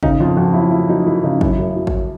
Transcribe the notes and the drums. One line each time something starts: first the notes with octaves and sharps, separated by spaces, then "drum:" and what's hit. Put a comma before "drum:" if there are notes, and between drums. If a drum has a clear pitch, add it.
C#3 D#4, drum: kick
F2 F4
F2 F#4
F#3 E4
F#3 E4
F#3 D#4
F#3 E4
C#3 D#4
F#2 E4, drum: kick
F#2
F#3
drum: kick